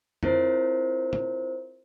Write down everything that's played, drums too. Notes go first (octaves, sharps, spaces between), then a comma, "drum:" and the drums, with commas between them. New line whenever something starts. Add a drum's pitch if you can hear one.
C4 E4 F4 A#4 C5 C#5, drum: tom F2
drum: tom B2